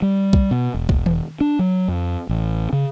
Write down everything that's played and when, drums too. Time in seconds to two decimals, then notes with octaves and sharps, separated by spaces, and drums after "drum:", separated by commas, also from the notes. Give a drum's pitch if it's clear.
0.02 G3
0.33 drum: kick B1
0.51 B2
0.74 E1
0.89 drum: kick B1
1.06 drum: tom D#3
1.41 D4
1.59 F#3
1.88 F2
2.29 A1
2.73 C#3